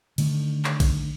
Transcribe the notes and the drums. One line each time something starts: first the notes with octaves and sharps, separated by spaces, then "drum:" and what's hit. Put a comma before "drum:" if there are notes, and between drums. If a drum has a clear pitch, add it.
D3 D#3 A3, drum: cymbal
drum: clap
drum: kick A#1, cymbal